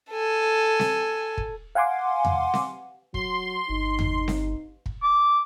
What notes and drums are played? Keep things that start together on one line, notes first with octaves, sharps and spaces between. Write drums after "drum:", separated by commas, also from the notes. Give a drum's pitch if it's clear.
A4 G#5
drum: snare C4
drum: kick
F5 F#5 G#5 C6 D6
drum: tom E2
drum: snare C4
F#3 C6, drum: kick
G1 D#4
drum: tom E2
drum: snare C4
drum: kick
D6